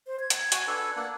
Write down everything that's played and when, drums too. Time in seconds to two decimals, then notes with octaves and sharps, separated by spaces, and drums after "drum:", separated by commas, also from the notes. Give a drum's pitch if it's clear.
0.07 C5
0.20 G#6
0.30 drum: hi-hat
0.52 F#4 G#5, drum: hi-hat
0.68 D4 A4 B4
0.96 A#3 D4 F#5